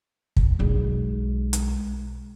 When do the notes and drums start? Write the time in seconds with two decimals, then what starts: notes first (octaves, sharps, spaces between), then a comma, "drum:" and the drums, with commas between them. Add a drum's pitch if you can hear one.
0.36 drum: kick
0.59 B1 G#3
1.53 drum: hi-hat